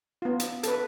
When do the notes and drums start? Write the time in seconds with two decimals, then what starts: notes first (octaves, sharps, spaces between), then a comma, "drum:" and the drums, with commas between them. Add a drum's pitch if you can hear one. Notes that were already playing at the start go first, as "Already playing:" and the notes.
0.22 B3 F4
0.40 drum: hi-hat
0.63 A4 B4, drum: hi-hat